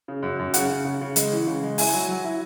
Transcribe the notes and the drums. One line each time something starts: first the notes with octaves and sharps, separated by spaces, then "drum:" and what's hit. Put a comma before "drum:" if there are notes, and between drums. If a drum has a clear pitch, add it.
C#3
F#2
F#2
C#3 F#5, drum: hi-hat
C#3
C#3
C#3
G#3, drum: hi-hat
E3
C#3
G#3
E4 G#5, drum: open hi-hat
F#3
F#3
E4